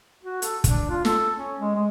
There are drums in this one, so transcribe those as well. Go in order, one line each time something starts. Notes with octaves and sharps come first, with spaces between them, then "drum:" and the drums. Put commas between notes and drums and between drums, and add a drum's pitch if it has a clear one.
F#4
A4, drum: hi-hat
D4, drum: kick, hi-hat
F4
A4, drum: snare
C#4
G#3
G#3